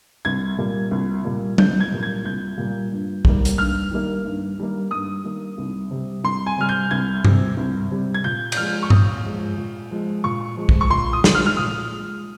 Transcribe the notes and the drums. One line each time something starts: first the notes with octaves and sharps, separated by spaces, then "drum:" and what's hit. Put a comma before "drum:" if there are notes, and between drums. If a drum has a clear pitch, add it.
C2 G#6
A#2 G3 A#3
C2
A#2 G3 A#3
C2 G6, drum: tom F#3
G#6
A#2 G3 A#3
G#6
C2 G6
A#2 G3 A#3
G2
D#3 G3 A#3, drum: kick B1
drum: hi-hat
G2 F6
D#3 G3 A#3
G2
D#3 G3 A#3
G2 D#6
D#3 G3 A#3
C2
C3 G3
C2 C6
G#5
C3 G3 F6
G6
C2 G#6
C3 G3, drum: tom G2
C2
C3 G3
G#6
A#2 G6
G6, drum: cymbal
F3 G#3 F6
C#6
A#2 D#6, drum: tom G2
F3 G#3
A#2
F3 G#3
A#2 C#6
F3 G#3
drum: kick B1
C#6
A#2 C6
D#6
G#3, drum: snare
F6
F6
A#2 D#6
G#3